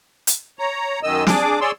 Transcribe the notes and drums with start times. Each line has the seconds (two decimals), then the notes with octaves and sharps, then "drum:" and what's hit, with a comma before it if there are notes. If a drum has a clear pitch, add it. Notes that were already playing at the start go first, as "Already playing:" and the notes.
0.27 drum: hi-hat
0.59 C#5 A#5
1.03 F#2 D#3 D#5 E6
1.27 D4 G#4 D6, drum: snare
1.61 G#4 C#5 D5 C6 E6